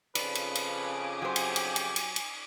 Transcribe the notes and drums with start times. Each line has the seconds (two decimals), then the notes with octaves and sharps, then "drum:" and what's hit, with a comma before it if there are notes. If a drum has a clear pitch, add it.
0.15 F2 C#3 F3 B4 D5, drum: cymbal
0.35 drum: cymbal
0.55 drum: cymbal
0.72 G#5 D6 D#6
1.22 F#3 G4 C5
1.36 drum: cymbal
1.56 drum: cymbal
1.76 drum: cymbal
1.96 drum: cymbal
2.16 drum: cymbal